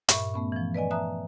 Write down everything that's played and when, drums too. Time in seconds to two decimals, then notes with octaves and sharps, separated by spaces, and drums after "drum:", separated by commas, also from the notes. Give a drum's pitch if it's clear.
0.09 G2 A#2 E5 C#6, drum: hi-hat
0.34 A3 B3 C#4
0.52 E3 F3
0.75 B4 D5 D#5 G#5
0.91 E5 A5 A#5 D#6 F#6